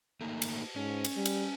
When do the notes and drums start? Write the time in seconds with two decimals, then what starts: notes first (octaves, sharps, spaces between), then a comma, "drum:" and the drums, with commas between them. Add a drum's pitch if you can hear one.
0.21 A3 A#3 D#4
0.42 drum: cymbal
0.76 G#2 C#4
1.05 drum: cymbal
1.16 G3
1.25 drum: cymbal